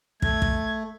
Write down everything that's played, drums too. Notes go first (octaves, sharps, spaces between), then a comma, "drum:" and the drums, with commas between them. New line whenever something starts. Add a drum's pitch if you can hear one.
A3 G#6, drum: kick
drum: kick